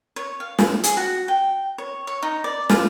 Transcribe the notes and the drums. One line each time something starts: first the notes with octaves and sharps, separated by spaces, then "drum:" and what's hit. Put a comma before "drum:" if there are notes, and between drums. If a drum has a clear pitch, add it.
C#5
F5
drum: snare
G#4, drum: hi-hat
F#4
G5
C#5
C#5
D#4
D5
F4, drum: snare